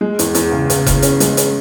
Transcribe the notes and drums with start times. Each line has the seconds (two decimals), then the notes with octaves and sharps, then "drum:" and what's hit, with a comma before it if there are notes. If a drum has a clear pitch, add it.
0.01 G#3
0.19 E2, drum: hi-hat
0.35 E2, drum: hi-hat
0.52 C#3
0.70 C#3, drum: hi-hat
0.86 C#3, drum: kick F1, hi-hat
1.02 C#4, drum: hi-hat
1.20 G#3, drum: hi-hat
1.37 C#4, drum: hi-hat